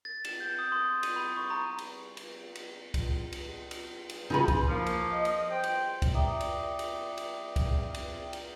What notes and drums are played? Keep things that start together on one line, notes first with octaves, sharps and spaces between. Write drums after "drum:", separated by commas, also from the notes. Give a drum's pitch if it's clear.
A6
E7, drum: cymbal
G6
D#6
C6
D#7, drum: cymbal
B5
C#6
A#5
drum: cymbal
drum: cymbal
drum: cymbal
drum: kick C#2, cymbal
drum: cymbal
drum: cymbal
drum: cymbal
C#3 E3 D#4 F4 G#4 B5
drum: kick C#2, cymbal
F3 A#3
drum: cymbal
D#5
drum: cymbal
C5 G5
drum: cymbal
drum: kick C#2, cymbal
D5 E5 G5 A#5 D6 D#6
drum: cymbal
drum: cymbal
drum: cymbal
drum: kick C#2, cymbal
drum: cymbal
drum: cymbal